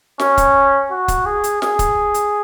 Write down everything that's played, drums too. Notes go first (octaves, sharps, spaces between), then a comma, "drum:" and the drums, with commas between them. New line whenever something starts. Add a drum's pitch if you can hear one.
C#4, drum: snare
drum: kick, hi-hat
F#4
drum: kick, hi-hat
G#4
drum: hi-hat
G#4, drum: snare
drum: kick, hi-hat
drum: hi-hat